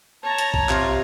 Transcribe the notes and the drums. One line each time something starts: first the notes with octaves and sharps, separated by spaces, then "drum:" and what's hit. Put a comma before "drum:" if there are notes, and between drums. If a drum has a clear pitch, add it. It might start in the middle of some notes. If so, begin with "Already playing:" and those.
C#5 A5 A#5
drum: hi-hat
drum: kick
C3 F4, drum: clap